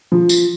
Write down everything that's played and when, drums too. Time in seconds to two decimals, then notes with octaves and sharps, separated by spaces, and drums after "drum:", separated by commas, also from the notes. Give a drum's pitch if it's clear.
0.12 F3
0.29 drum: tambourine